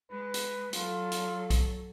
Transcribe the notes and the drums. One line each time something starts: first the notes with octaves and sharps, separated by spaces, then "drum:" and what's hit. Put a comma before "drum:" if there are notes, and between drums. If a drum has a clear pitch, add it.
G#3 B4
drum: hi-hat
F#3 F4 A4, drum: hi-hat
drum: hi-hat
drum: kick B1, hi-hat